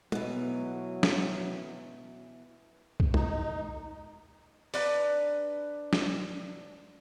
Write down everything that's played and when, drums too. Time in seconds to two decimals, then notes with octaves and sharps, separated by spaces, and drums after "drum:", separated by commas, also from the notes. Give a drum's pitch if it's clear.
0.12 B2 E3 F#3, drum: tom
1.03 drum: snare
3.00 drum: kick C2
3.14 D#4, drum: tom
4.74 D4 B4 A#5, drum: open hi-hat
5.93 drum: snare